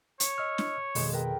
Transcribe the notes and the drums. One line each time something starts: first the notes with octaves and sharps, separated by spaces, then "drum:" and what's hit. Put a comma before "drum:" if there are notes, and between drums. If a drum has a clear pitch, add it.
C#5, drum: hi-hat
D#5 E6 F6
drum: snare
F2 B2 D#3 G#3 C6, drum: open hi-hat
A#4 B4 G5